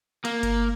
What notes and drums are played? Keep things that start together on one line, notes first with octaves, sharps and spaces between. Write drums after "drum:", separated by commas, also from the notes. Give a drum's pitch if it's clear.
A#3, drum: cymbal
drum: kick G1, cymbal